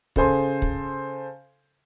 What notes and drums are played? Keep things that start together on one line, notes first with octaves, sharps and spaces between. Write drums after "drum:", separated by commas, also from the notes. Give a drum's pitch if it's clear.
C#3 A4 C5 G#5 C6, drum: kick
drum: kick